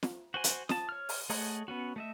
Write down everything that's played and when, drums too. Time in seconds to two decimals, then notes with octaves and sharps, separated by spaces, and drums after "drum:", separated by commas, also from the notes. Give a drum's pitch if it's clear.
0.03 drum: snare
0.34 F#4 C5 G#5
0.44 drum: hi-hat
0.69 A5 D#6, drum: snare
0.89 C#5 F6
1.09 drum: open hi-hat
1.30 A3 G#4 C#5 D#5 F#5, drum: open hi-hat
1.68 B3 C#4 F#4
1.96 A3 D#5 E5